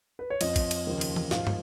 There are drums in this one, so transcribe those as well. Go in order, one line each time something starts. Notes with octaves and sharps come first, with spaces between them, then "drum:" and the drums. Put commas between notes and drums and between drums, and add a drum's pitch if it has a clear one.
B4
C#5
F2 F3 D#5, drum: cymbal
drum: kick, cymbal
drum: cymbal
D#2 C#3 F3
drum: cymbal
drum: tom E3
G#2 F3 F5, drum: snare
drum: tom